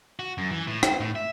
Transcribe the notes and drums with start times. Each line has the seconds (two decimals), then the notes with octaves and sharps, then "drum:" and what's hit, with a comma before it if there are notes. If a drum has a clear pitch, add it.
0.19 F#4
0.38 F#2
0.51 E3
0.67 A2
0.83 C5, drum: rim click
1.00 A2
1.16 E5